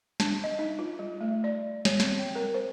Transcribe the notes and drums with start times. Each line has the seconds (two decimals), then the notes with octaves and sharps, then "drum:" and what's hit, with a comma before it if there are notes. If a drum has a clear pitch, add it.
0.20 D4, drum: snare
0.44 D#5
0.59 D#4
0.79 F4
0.99 G3
1.21 A3
1.44 D5
1.85 C#5, drum: snare
2.00 C4, drum: snare
2.19 G5
2.35 A#4
2.54 C5